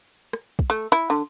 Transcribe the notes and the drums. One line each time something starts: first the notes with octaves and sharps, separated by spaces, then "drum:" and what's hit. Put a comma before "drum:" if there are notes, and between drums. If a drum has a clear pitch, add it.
drum: rim click
drum: kick
A3
E4
D3